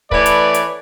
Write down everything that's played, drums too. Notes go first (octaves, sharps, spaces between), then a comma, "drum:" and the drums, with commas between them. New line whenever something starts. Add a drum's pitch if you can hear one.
E3 A3 B4 C#5 D5, drum: kick
drum: hi-hat
drum: hi-hat